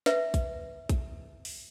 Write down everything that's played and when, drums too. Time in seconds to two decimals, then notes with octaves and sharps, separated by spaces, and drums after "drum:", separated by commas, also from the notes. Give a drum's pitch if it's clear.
0.06 B4 E5, drum: snare
0.34 drum: kick, hi-hat
0.89 drum: kick, hi-hat
1.45 drum: open hi-hat